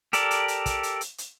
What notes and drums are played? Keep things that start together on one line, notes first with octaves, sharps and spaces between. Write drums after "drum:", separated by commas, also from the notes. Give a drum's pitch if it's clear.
G4 A4 A#4 D5, drum: hi-hat
drum: hi-hat
drum: hi-hat
drum: kick, hi-hat
drum: hi-hat
drum: hi-hat
drum: hi-hat